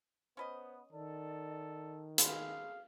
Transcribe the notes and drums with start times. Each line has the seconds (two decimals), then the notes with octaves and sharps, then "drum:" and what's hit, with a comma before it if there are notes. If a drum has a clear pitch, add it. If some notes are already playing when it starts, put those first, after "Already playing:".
0.37 B3 C#4 B4 C5 D#5
0.93 D#3 A4 D5
2.18 G#3 A3 B3 G#4 F5, drum: hi-hat